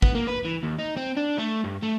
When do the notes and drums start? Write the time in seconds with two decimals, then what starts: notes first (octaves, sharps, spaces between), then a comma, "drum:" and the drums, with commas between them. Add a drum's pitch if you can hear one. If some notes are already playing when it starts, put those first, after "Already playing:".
0.02 B3, drum: kick A1
0.15 A#3
0.27 B4
0.45 E3
0.63 D#2
0.78 D#4
0.97 C4
1.17 D4
1.38 A3
1.64 G2
1.82 A3